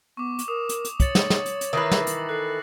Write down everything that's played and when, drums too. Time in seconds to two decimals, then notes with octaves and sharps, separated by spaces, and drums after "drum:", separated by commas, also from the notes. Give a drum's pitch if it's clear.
0.17 B3 C#6 D6
0.39 drum: hi-hat
0.48 A#4 D6 D#6 E7
0.69 drum: hi-hat
0.84 drum: hi-hat
1.00 C#5 A6 C#7 F#7, drum: kick, hi-hat
1.15 drum: snare
1.30 drum: snare
1.46 drum: hi-hat
1.61 drum: hi-hat
1.73 D#3 E3 B4 E6 A#6 C7
1.91 drum: snare
2.07 drum: hi-hat
2.29 A4 F#6 C7